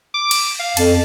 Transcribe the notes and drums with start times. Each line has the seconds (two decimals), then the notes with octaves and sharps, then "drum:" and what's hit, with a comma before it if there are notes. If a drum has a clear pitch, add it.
0.14 D6
0.31 drum: cymbal
0.60 F5
0.77 F2 A5, drum: cymbal